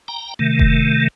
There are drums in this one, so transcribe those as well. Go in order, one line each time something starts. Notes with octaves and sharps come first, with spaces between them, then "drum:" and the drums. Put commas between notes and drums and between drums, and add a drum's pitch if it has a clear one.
G5 A#5
C3 D#3 A3
drum: kick F1